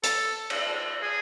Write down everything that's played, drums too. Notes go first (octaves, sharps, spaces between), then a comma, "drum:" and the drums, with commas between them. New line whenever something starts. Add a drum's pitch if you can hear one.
A4, drum: hi-hat
drum: cymbal
G#4